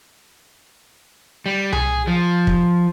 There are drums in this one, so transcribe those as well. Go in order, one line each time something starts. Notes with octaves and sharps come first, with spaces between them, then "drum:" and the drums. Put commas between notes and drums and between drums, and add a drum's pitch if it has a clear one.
G3
G#4, drum: tom C2
F3
drum: kick